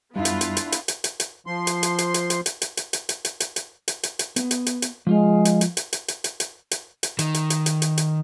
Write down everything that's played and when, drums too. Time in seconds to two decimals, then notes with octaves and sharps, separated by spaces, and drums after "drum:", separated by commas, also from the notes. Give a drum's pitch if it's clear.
0.16 F#2 G3 B3 D4 E4 F4
0.25 drum: hi-hat
0.41 drum: hi-hat
0.57 drum: hi-hat
0.72 drum: hi-hat
0.88 drum: hi-hat
1.04 drum: hi-hat
1.20 drum: hi-hat
1.47 F3 C6
1.67 drum: hi-hat
1.83 drum: hi-hat
1.98 drum: hi-hat
2.14 drum: hi-hat
2.30 drum: hi-hat
2.46 drum: hi-hat
2.62 drum: hi-hat
2.77 drum: hi-hat
2.93 drum: hi-hat
3.09 drum: hi-hat
3.25 drum: hi-hat
3.40 drum: hi-hat
3.56 drum: hi-hat
3.88 drum: hi-hat
4.03 drum: hi-hat
4.19 drum: hi-hat
4.36 B3, drum: hi-hat
4.51 drum: hi-hat
4.66 drum: hi-hat
4.82 drum: hi-hat
5.07 F3 G#3 F4 F5
5.45 drum: hi-hat
5.61 drum: hi-hat
5.77 drum: hi-hat
5.93 drum: hi-hat
6.08 drum: hi-hat
6.24 drum: hi-hat
6.40 drum: hi-hat
6.71 drum: hi-hat
7.03 drum: hi-hat
7.19 D#3, drum: hi-hat
7.34 drum: hi-hat
7.50 drum: hi-hat
7.66 drum: hi-hat
7.82 drum: hi-hat
7.98 drum: hi-hat